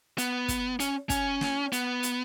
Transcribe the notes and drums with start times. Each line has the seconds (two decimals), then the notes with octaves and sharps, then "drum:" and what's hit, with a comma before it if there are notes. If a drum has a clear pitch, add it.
0.18 B3, drum: hi-hat
0.48 drum: kick, hi-hat
0.80 C#4, drum: hi-hat
1.10 C#4, drum: kick, hi-hat
1.41 drum: snare
1.73 B3, drum: hi-hat
2.03 drum: hi-hat